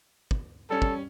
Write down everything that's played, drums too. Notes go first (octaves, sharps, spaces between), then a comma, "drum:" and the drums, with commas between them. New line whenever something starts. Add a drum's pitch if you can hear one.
drum: kick
G3 C#4 A4
drum: kick